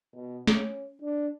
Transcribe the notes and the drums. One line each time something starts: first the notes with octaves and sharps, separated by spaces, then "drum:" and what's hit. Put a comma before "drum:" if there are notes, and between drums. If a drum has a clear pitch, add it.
B2
C#4, drum: snare
D4